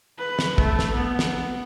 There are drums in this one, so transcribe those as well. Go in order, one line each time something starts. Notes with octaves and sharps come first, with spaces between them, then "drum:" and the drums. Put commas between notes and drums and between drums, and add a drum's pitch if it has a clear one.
B4
drum: snare
A3, drum: kick
drum: snare
B3
drum: snare